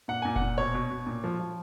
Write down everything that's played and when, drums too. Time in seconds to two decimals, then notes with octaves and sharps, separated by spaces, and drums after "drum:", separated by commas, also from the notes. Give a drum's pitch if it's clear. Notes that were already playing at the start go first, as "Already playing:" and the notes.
0.08 A#2 F#5
0.22 A#2 G#5
0.36 F#5, drum: kick F1
0.42 A#2
0.58 B2 C#5
0.74 B2
0.91 B2
1.06 A#2
1.24 F3
1.40 F3